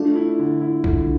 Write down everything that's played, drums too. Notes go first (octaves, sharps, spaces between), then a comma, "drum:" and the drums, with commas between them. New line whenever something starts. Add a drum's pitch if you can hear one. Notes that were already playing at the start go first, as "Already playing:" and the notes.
Already playing: A3 D4 F4
E4
D3
E4
D3, drum: kick B1